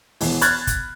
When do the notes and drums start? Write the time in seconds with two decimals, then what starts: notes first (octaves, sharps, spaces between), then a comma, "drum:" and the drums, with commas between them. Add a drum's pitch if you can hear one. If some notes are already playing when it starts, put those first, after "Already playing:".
0.21 E1 E3, drum: open hi-hat
0.41 B5 F6 F#6 G#6 A6, drum: hi-hat
0.67 drum: kick, hi-hat